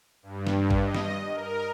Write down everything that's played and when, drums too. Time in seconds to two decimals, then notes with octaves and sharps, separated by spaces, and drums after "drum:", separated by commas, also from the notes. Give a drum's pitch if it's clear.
0.23 G2
0.47 drum: snare
0.71 drum: kick G#1
0.82 D#5
0.95 drum: snare
1.30 A#4